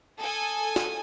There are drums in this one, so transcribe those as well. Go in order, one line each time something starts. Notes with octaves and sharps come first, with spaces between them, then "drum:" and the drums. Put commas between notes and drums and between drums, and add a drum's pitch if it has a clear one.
A4 G#5 D#6
drum: snare